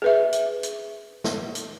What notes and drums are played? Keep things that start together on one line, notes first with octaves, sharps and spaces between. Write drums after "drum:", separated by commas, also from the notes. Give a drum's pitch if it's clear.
G#4 B4 E5
drum: hi-hat
drum: hi-hat
drum: snare
drum: hi-hat